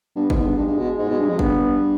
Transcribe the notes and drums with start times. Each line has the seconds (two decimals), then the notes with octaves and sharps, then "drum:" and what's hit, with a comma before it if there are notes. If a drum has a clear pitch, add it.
0.16 G2 B3
0.30 G#2, drum: kick
0.44 G2
0.57 G2 G#3
0.67 G2
0.78 B2
0.98 G#2
1.08 B2
1.18 G2
1.29 F2
1.39 G2 B3, drum: kick